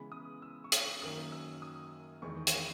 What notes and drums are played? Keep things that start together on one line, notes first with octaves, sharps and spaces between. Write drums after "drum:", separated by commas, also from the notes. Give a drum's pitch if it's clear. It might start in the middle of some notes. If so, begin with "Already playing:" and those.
Already playing: C#3 E3 G#3 B3 B5
D#6
E6
C#6
D#6, drum: hi-hat
C#6
F#2 D#3 A#3 C#4 D#6
E6
D#6
E2 D#3 G#3 C#6
drum: hi-hat